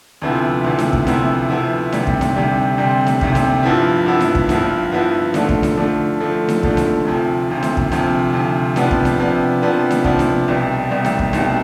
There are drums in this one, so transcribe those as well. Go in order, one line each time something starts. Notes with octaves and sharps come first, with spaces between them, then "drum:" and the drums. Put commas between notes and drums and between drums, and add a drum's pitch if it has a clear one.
D2 C3 F3 B3 E4
D2 C3 F3 B3 E4
drum: snare D#4
drum: kick
D2 C3 F3 B3 E4, drum: snare D#4
D2 C3 F3 B3 E4
D2 C3 G3, drum: snare D#4
drum: kick
drum: snare D#4
D2 C3 G3
D2 C3 G3
drum: snare D#4
D2 C3 G3, drum: kick
drum: snare D#4
G2 F3 B3 E4
G2 F3 B3 E4
drum: snare D#4
drum: kick
G2 F3 B3 E4, drum: snare D#4
G2 F3 B3 E4
D3 F3 A3 D4, drum: snare D#4
drum: kick
drum: snare D#4
D3 F3 A3 D4
D3 F3 A3 D4
drum: snare D#4
D3 F3 A3 D4, drum: kick
drum: snare D#4
D2 C3 F3
D2 C3 F3
drum: snare D#4
drum: kick
D2 C3 F3, drum: snare D#4
D2 C3 F3
C3 F3 B3 D4, drum: snare D#4
drum: kick
drum: snare D#4
C3 F3 B3 D4
C3 F3 B3 D4
drum: snare D#4
C3 F3 B3 D4, drum: kick
drum: snare D#4
C2 B2 G3
C2 B2 G3
drum: snare D#4
drum: kick
C2 B2 G3, drum: snare D#4